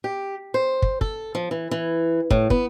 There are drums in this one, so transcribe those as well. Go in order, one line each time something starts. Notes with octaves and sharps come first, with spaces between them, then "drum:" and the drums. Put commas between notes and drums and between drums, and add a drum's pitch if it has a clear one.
G4
C5
drum: kick
A4, drum: kick
F3
E3
E3
A2, drum: kick
B3, drum: kick